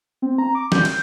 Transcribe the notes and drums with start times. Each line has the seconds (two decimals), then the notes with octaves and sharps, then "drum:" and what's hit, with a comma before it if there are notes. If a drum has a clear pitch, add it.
0.22 C4
0.38 A#5
0.55 D6
0.72 G6, drum: snare
0.85 drum: cymbal